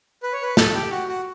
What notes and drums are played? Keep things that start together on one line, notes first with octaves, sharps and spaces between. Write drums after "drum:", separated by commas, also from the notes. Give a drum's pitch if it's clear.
B4
C#5
B4
A4, drum: snare
G4
F#4
F#4